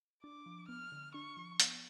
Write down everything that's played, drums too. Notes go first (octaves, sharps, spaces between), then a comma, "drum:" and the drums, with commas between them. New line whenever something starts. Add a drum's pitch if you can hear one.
D4 D6
F3
B3 F6
D3
D4 C#6
F3
B3, drum: hi-hat